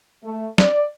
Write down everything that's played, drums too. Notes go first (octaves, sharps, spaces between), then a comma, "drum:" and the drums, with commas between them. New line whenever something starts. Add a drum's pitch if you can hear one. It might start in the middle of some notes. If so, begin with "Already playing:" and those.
A3
D5, drum: snare